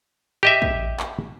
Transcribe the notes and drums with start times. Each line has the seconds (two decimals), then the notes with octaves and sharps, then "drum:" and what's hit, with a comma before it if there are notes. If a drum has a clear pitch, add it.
0.43 G4 D#5 E5
0.62 drum: kick
1.00 drum: clap